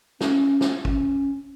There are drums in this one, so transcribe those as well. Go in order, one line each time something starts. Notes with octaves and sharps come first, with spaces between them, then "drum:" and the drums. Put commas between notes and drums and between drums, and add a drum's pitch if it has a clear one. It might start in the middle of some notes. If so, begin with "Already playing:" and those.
C#4, drum: snare
drum: snare
C#4, drum: kick